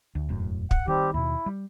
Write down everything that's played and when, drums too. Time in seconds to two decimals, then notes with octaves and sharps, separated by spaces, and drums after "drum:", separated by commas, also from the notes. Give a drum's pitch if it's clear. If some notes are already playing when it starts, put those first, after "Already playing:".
0.15 D2
0.29 E1 F#2 A2
0.71 F#5, drum: kick
0.88 D#3 G3 C4 G4
1.14 D#2 B2 E4
1.46 G3